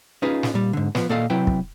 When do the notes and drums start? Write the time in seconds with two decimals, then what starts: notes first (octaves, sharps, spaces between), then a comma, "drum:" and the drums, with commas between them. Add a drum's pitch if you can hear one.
0.22 C#4 D#4 F4 G#4 B4
0.43 drum: snare
0.54 A#2 G3
0.73 G#2 D3
0.95 F3 B3, drum: snare
1.09 A#2 A#3 A4 D5 D#5 F5
1.30 C3 F#3 E4 B4 G5
1.47 drum: kick